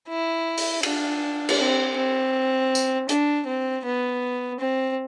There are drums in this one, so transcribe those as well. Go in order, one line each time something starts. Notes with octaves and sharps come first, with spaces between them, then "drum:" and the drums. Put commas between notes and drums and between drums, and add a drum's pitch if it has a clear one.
E4
drum: open hi-hat
D4, drum: cymbal
drum: cymbal
C4
C4
drum: tambourine
D4, drum: hi-hat
C4
B3
C4